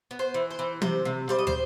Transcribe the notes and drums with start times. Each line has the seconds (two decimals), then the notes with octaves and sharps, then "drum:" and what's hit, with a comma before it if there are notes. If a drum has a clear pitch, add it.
0.11 B3
0.19 C5
0.34 E3
0.51 C5
0.59 E3
0.82 C3 C5, drum: tom
1.05 C3
1.29 G3 C5
1.39 D#5
1.47 C5, drum: tom